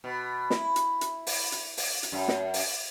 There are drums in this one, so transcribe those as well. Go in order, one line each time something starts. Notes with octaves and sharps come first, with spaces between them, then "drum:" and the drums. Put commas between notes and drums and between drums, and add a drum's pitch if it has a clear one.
B2
E4, drum: snare
drum: hi-hat
drum: hi-hat
drum: open hi-hat
drum: hi-hat
drum: open hi-hat
drum: hi-hat
F#2
drum: snare
drum: open hi-hat